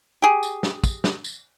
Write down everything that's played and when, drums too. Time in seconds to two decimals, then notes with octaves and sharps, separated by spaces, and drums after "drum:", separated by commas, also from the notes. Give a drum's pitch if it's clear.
0.22 G4 G#4
0.43 drum: tambourine
0.63 drum: snare
0.84 drum: kick, tambourine
1.04 drum: snare
1.24 drum: tambourine